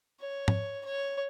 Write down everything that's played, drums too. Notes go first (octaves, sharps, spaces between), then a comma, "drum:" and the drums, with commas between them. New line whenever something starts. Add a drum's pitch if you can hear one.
C#5
drum: tom
C#5